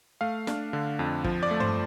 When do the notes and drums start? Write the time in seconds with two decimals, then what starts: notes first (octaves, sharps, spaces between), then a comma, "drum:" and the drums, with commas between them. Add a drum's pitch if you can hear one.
0.21 A3 F5
0.47 D4, drum: snare
0.73 D3
0.99 F2
1.24 F3, drum: kick
1.43 D5
1.51 A3
1.60 C5, drum: tom